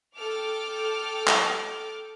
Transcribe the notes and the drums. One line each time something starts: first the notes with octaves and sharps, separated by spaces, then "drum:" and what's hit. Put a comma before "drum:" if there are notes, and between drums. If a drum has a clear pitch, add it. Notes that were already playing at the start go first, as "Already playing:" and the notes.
A4 G5 D6 F6
drum: clap